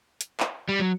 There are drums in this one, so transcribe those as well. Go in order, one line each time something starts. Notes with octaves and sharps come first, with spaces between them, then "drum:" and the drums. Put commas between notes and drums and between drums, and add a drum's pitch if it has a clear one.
drum: hi-hat
drum: clap
G3
F#3